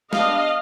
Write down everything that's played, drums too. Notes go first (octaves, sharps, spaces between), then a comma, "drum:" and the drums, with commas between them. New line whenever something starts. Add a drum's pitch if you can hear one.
G3 B3 D4 D#5 F5, drum: snare